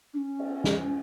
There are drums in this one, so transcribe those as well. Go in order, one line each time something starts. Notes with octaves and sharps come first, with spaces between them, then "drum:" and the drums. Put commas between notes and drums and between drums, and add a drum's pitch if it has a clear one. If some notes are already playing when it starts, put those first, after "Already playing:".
D4
C#4
drum: cymbal
drum: snare